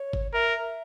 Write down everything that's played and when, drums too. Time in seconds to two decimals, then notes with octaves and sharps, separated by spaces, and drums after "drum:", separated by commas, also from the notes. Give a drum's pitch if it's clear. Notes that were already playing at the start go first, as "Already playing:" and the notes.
Already playing: C#5
0.13 drum: kick G#1
0.34 A#4 E5